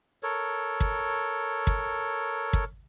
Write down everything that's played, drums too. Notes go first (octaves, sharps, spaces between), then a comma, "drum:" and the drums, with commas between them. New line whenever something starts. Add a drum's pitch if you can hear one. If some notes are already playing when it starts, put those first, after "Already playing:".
A4 A#4 C#5
drum: kick
drum: kick
drum: kick